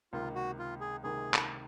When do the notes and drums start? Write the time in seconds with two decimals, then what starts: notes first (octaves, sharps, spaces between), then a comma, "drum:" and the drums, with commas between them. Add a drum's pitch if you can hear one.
0.13 C#2 C3 D#3 A#3 F4
0.35 F#4
0.59 F4
0.81 G#4
1.03 C#2 C3 D#3 A#3 G#4
1.34 drum: clap